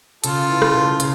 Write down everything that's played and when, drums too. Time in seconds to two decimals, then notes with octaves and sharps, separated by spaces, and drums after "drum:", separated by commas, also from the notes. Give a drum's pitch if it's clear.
0.24 C#3 F4 A4, drum: hi-hat
0.49 E3
0.62 drum: rim click
0.75 C#3
1.00 C#3, drum: hi-hat